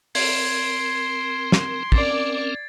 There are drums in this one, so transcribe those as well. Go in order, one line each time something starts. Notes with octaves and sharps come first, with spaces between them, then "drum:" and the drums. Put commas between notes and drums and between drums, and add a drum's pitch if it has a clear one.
C4 A#4 C6 G#6 C7 D7, drum: open hi-hat
drum: snare
C4 C#4 A#4 D5 D6 A6, drum: kick